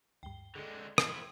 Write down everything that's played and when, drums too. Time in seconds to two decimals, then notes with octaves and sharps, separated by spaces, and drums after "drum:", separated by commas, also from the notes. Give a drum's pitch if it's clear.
0.23 D2 G2 G5 G7
0.56 D3 G#3 G#4 A4
0.98 F3 E4 G5 G#6 F7, drum: rim click